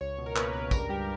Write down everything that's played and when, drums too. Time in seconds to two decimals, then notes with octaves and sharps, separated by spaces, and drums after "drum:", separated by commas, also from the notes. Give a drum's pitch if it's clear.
0.01 C#2 C#5
0.18 B2
0.26 A#4
0.36 A#3 B4, drum: clap
0.53 C#2 B4
0.71 G2 A#4, drum: kick, tambourine
0.89 G3 G4